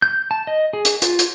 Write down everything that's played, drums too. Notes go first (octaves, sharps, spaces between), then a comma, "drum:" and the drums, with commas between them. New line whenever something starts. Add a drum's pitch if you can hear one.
G6
A5
D#5
G#4
drum: hi-hat
F4, drum: hi-hat
drum: hi-hat